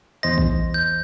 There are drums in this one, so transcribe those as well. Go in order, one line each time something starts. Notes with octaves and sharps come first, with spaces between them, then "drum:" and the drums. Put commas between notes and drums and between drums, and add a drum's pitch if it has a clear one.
E2 C5 D#5 A#6
drum: kick
G6